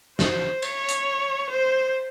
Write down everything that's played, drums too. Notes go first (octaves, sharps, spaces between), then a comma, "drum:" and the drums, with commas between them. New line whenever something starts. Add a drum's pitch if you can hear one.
C5, drum: snare
C#5, drum: cymbal
drum: hi-hat
C5